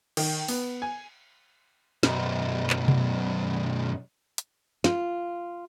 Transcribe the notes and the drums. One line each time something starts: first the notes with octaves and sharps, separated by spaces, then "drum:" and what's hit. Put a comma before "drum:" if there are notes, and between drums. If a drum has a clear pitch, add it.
D#3, drum: cymbal
B3, drum: open hi-hat
G#5
B1 F#2, drum: snare
drum: clap
drum: tom B2
drum: hi-hat
F4, drum: snare